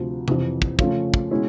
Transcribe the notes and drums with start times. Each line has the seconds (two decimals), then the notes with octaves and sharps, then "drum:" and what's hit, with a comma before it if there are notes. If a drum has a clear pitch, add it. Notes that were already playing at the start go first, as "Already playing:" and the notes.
Already playing: D2 C3 F3
0.28 F2 C3 E3, drum: tom C3
0.62 drum: kick
0.79 C#3 F3 A3 C#4 F4, drum: kick
1.14 drum: kick
1.31 B2 G#3 C#4 E4